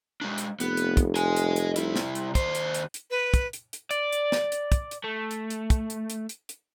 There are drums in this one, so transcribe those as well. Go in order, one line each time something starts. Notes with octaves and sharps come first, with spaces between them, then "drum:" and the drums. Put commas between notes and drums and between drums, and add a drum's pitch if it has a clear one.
G#3 D4
drum: hi-hat
F1 B3, drum: hi-hat
drum: hi-hat
drum: kick, hi-hat
D#5 G#5, drum: hi-hat
drum: hi-hat
drum: hi-hat
C2 E4, drum: hi-hat
drum: snare
drum: hi-hat
D#2 C5, drum: kick, hi-hat
drum: hi-hat
drum: hi-hat
drum: hi-hat
B4
drum: kick, hi-hat
drum: hi-hat
drum: hi-hat
D5, drum: hi-hat
drum: hi-hat
drum: snare
drum: hi-hat
drum: kick, hi-hat
drum: hi-hat
A3
drum: hi-hat
drum: hi-hat
drum: kick, hi-hat
drum: hi-hat
drum: hi-hat
drum: hi-hat
drum: hi-hat